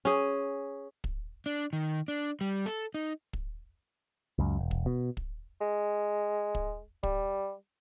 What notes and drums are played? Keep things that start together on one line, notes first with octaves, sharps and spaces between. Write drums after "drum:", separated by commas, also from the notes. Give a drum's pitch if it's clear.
C#4 G#4
drum: kick
D4
D#3
D4
G3
A4
D#4
drum: kick
C#2 F#2
E1
drum: kick
B2
drum: kick
G#3
drum: kick
G3, drum: kick